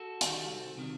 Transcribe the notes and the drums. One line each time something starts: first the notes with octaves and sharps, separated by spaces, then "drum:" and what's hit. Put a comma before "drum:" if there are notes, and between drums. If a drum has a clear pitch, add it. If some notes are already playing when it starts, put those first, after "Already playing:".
Already playing: F#4 A4
D#3 G3, drum: hi-hat
C2
C3 D#3